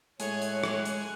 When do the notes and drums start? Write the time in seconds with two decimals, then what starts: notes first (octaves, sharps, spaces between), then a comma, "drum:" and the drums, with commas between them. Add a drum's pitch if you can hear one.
0.20 A2 G#3 C#5 G#5 F#6, drum: hi-hat
0.42 drum: hi-hat
0.64 drum: rim click
0.85 drum: hi-hat